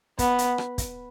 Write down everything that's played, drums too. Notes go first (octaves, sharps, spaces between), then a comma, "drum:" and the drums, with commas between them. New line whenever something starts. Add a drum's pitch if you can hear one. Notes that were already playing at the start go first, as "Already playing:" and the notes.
B3, drum: kick, hi-hat
drum: hi-hat
drum: rim click
drum: kick, hi-hat